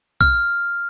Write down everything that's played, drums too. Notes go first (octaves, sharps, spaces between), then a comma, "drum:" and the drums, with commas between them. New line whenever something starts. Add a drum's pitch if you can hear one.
F6, drum: kick B1